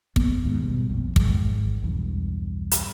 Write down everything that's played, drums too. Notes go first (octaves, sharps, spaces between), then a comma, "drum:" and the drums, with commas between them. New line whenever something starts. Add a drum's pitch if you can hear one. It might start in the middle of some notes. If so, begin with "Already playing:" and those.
C#2 A#3 B3, drum: kick
D#2 G#2
B2 G3
A#1 F2 A#2
G#1 G#2, drum: kick
B1 E2 G2
drum: hi-hat